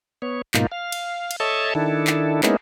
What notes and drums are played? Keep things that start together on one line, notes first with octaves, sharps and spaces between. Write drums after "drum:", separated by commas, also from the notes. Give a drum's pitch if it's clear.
B3 C#5
G#2 B2 A#3 D#4 F4, drum: clap
F5
drum: cymbal
drum: cymbal
A4 C#5 D#5 E5 A5
D#3 D4 E4 A4
drum: clap
G#3 A#3 B3 C#4 D#4 E4, drum: clap